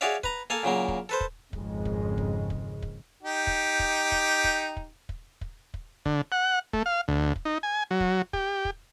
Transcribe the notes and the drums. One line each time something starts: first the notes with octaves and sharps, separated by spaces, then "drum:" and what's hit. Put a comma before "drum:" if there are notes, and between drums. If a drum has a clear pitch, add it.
F#4 G#4 C#5 D5 E5 F5
B4 A#5, drum: kick
A#3 A4 F5 G#5
A#2 C#3 F#3 A#3
drum: kick
A4 B4 C5
drum: kick
G#1 F2 C#3 G#3, drum: kick
drum: kick
drum: kick
drum: kick
drum: kick
D#4 G4
drum: kick
drum: kick
drum: kick
drum: kick
drum: kick
drum: kick
drum: kick
drum: kick
D3, drum: kick
F#5
A3, drum: kick
F5
D2
drum: kick
D#4
G#5
F#3
drum: kick
G4, drum: kick
drum: kick